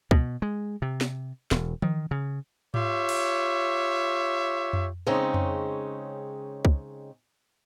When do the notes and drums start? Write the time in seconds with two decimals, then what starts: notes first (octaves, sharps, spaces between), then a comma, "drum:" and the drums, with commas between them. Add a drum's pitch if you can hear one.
0.11 B2, drum: kick C#2
0.42 G#3
0.82 C3
1.01 drum: snare
1.51 E1, drum: snare
1.82 D#3, drum: tom E3
2.11 C#3
2.74 F4 G4 C#5 E5, drum: tom G#2
3.09 drum: cymbal
4.73 drum: tom F2
5.07 C#3 G#3 C4 C#4 D#4
5.34 drum: tom F2
6.65 drum: kick C#2